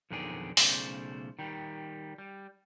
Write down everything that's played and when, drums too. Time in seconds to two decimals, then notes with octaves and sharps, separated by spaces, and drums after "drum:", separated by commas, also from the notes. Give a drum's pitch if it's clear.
0.11 B1 F2 D3 D#3 G#4 D5
0.57 B1 C#3 A3 C5 D5, drum: open hi-hat
1.39 D#3 G3
2.18 G3